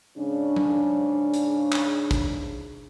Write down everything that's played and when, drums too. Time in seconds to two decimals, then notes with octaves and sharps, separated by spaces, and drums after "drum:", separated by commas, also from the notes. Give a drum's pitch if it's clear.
0.18 G#2 C#3 C#4 D4
0.56 drum: tom F#3
1.34 drum: hi-hat
1.72 drum: clap
2.11 drum: kick, hi-hat